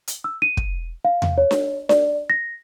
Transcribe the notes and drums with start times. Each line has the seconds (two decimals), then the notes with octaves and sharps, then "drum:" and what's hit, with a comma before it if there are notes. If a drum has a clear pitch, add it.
0.07 drum: hi-hat
0.24 E6
0.42 D#7
0.57 drum: kick
1.05 F5
1.22 drum: tom E2
1.38 C#5
1.51 drum: snare D4
1.89 D5, drum: snare D4
2.30 A#6